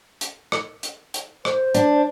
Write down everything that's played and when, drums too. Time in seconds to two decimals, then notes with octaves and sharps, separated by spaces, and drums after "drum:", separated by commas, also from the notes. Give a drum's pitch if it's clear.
0.21 drum: hi-hat
0.52 drum: rim click
0.83 drum: hi-hat
1.14 drum: hi-hat
1.45 C5, drum: rim click
1.75 D4, drum: hi-hat